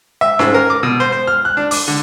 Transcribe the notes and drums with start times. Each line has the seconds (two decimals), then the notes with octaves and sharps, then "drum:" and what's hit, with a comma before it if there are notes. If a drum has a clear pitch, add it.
0.21 E5
0.39 G#2, drum: snare C#4
0.54 A#4
0.70 D6
0.83 B2
1.00 C5
1.12 C5
1.27 F6
1.45 F#6
1.57 D4
1.71 D6, drum: open hi-hat
1.88 D3